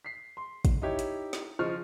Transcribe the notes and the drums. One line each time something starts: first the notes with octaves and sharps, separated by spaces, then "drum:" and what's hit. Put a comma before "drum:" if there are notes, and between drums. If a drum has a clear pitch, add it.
B6 C7
C6
drum: kick, hi-hat
D#4 E4 G4 C#5
drum: hi-hat
drum: snare
C#3 F3 D#5 C#6 F6